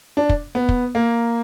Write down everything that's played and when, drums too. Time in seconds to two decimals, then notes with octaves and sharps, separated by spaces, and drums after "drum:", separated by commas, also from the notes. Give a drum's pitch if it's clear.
0.17 D4
0.29 drum: kick
0.55 B3
0.69 drum: kick
0.95 A#3